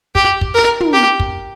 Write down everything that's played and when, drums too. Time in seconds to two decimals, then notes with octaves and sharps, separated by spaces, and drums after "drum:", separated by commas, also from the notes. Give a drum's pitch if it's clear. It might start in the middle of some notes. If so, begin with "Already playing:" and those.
0.15 G4, drum: kick
0.41 drum: kick
0.55 A#4
0.80 drum: tom
0.93 G4
1.20 drum: kick